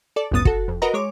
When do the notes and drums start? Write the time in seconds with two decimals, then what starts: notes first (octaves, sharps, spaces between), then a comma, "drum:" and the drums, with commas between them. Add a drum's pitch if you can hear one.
0.16 A4 D5
0.32 A1 D2 G2 B3 D#6 A6
0.45 F#4 A4, drum: kick
0.68 F2
0.82 F#4 A#4 B4 D#5 A#5
0.94 G#3 C#5 D6